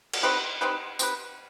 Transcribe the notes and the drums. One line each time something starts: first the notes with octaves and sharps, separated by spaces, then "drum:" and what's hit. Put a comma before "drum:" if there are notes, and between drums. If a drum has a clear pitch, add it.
drum: cymbal
C4 D#4 G4 B4
C4 D#4 G4 B4
C4 D#4 G4 B4, drum: tambourine